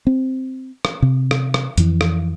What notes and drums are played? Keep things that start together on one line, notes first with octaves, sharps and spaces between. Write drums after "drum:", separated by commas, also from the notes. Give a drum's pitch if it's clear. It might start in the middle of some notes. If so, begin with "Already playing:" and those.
C4
drum: rim click
C3
drum: rim click
drum: rim click
F2 E3, drum: hi-hat
drum: rim click